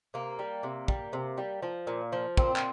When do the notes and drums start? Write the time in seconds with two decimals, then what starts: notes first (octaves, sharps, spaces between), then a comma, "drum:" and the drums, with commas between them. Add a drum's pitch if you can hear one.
0.14 C3 A#3
0.39 G3
0.63 C3
0.88 G3, drum: kick
1.13 C3
1.38 G3
1.63 F3
1.87 A#2
2.12 F3
2.37 A#2 C4, drum: kick
2.56 drum: clap